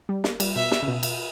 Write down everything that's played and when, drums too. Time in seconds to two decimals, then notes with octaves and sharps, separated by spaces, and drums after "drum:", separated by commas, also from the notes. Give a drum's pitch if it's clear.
0.09 G3
0.24 A#3, drum: snare
0.40 G3, drum: cymbal
0.56 B2 E5
0.71 drum: snare
0.83 C#3
0.88 B2
1.03 drum: cymbal